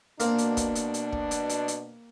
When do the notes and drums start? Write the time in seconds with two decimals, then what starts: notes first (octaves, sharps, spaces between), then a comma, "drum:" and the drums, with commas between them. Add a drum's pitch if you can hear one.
0.20 B2 A#3 C4 D4, drum: hi-hat
0.38 drum: hi-hat
0.57 drum: kick, hi-hat
0.75 drum: hi-hat
0.94 drum: hi-hat
1.12 drum: kick
1.31 drum: hi-hat
1.49 drum: hi-hat
1.68 drum: hi-hat